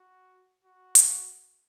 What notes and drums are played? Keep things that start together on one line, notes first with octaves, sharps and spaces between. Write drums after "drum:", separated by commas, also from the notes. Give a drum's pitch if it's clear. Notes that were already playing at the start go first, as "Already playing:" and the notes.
Already playing: F#4
F#4
drum: hi-hat